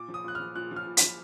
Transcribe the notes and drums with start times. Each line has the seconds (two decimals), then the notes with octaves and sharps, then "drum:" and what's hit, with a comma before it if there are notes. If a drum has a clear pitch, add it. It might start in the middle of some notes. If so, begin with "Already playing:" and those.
Already playing: A#2 D6
0.09 F3
0.14 D#6
0.24 A#2 F#6
0.35 F3 F6
0.55 A#2 F#6
0.71 F3
0.76 F6
0.86 A#2
0.97 F3 B6, drum: hi-hat